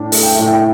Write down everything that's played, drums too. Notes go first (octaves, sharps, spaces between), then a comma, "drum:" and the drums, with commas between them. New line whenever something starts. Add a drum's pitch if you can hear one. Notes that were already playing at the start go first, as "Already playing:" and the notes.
Already playing: A2 D4
A3, drum: open hi-hat
G5
A2 E5
G5